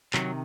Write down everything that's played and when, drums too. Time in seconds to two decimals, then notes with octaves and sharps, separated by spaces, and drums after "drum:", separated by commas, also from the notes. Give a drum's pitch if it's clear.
0.14 C3 D#3 F#3, drum: clap